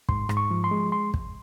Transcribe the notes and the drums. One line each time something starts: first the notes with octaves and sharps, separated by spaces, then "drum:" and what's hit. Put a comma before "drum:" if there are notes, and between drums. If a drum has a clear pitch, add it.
G#2 C6, drum: kick
G#2, drum: rim click
C#6
F3
C6
G#3
C6
drum: kick